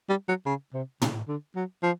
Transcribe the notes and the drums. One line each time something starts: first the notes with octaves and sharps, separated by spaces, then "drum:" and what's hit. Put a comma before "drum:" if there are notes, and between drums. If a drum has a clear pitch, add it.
G3
F#3
C#3
C3
C#3, drum: tom
D3
F#3
F3